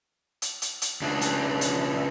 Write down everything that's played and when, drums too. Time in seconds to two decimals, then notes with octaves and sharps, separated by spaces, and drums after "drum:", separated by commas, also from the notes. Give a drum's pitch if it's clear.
0.42 drum: hi-hat
0.62 drum: hi-hat
0.82 drum: hi-hat
1.01 C#2 D4
1.21 drum: hi-hat
1.61 drum: hi-hat